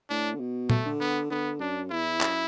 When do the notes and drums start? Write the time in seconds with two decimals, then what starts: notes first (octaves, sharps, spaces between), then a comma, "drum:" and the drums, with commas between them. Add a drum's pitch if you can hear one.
0.10 A2 D4
0.35 D3
0.39 B2
0.70 A3, drum: tom A#2
0.86 D3
1.00 B3
1.31 D3 B3
1.60 F#2 D4
1.91 E2 E4
2.21 F#2, drum: clap